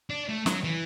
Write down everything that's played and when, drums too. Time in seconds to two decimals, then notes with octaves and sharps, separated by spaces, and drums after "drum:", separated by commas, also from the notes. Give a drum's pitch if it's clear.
0.10 D4
0.29 A3
0.46 F#3, drum: snare
0.64 E3